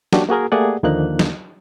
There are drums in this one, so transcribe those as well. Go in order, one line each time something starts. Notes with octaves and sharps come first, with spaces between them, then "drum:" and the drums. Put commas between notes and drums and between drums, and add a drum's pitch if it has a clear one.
F#3 A#3 D4 F#4 G4, drum: snare
A#3 F#4 G#4 A#4
A3 A#3 G4 G#4 D5 F#5
D#2 D3 F3 A#3 D#4 F#6
drum: snare